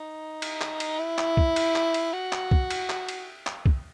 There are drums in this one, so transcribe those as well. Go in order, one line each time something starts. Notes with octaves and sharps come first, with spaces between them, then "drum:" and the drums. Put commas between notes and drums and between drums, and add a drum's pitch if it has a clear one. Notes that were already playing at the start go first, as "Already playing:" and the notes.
Already playing: D#4
drum: cymbal
drum: clap
drum: cymbal
E4
drum: clap
drum: kick
drum: cymbal
drum: clap
drum: cymbal
F#4
drum: clap
drum: kick
drum: cymbal
drum: clap
drum: cymbal
drum: clap
drum: kick